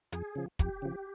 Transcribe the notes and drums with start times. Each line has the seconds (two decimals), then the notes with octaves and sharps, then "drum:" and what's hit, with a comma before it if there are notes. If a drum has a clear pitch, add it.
0.12 F2 G#4, drum: hi-hat
0.35 C#3 F3
0.59 F2 G4, drum: kick, hi-hat
0.82 C#3 F3